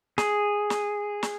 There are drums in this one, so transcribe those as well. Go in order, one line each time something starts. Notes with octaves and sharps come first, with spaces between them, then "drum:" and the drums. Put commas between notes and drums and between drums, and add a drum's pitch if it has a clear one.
G#4, drum: snare
drum: snare
drum: snare